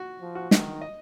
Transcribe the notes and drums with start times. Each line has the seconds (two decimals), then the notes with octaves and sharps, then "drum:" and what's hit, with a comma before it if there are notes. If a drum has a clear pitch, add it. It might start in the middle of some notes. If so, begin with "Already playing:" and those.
Already playing: F#4
0.21 F3
0.35 F#4
0.51 D#3, drum: snare
0.81 D#5